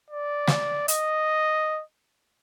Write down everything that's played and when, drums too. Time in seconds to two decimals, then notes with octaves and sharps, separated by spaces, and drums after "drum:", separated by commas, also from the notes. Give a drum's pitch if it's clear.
0.10 D5
0.48 drum: snare
0.88 D#5, drum: hi-hat